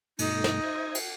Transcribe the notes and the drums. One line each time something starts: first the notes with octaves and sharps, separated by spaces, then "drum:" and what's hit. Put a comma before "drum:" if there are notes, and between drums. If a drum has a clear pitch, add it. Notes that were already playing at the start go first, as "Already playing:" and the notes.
G2 B2 A3 D#4, drum: cymbal
drum: snare
C5 E5 G#6
drum: cymbal